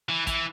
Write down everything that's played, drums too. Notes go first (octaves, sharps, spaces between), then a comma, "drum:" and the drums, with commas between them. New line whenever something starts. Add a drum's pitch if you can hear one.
E3
E3, drum: kick A1, hi-hat